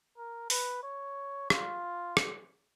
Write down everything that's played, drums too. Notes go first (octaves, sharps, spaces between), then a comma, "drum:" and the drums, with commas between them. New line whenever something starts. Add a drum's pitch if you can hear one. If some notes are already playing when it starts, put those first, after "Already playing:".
A#4
B4, drum: open hi-hat
C#5
F4, drum: rim click
drum: rim click